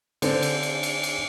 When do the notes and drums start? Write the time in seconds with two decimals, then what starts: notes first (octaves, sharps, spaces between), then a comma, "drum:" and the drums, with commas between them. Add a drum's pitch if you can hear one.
0.22 D3 C4, drum: cymbal
0.42 drum: cymbal
0.63 drum: cymbal
0.83 drum: cymbal
1.03 drum: cymbal